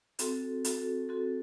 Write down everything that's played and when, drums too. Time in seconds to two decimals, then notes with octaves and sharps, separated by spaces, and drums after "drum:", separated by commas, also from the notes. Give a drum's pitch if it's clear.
0.19 C4 F#4 A4, drum: hi-hat
0.64 F#4 A4, drum: hi-hat
1.09 C4 F#4 A4